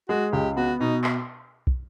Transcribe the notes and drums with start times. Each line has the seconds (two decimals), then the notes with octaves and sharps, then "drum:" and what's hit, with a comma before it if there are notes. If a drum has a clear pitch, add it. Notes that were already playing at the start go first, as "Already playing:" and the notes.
0.09 G#3 F#4
0.33 C#2 G4
0.57 B3 F#4
0.80 B2 D#4
1.04 drum: clap
1.67 drum: kick